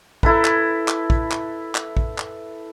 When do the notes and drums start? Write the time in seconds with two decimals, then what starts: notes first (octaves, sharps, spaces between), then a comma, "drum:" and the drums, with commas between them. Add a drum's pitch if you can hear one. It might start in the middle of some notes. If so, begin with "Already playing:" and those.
0.23 E4 A4 B4, drum: kick
0.45 drum: clap
0.88 drum: clap
1.10 drum: kick
1.32 drum: clap
1.75 drum: clap
1.97 drum: kick
2.18 drum: clap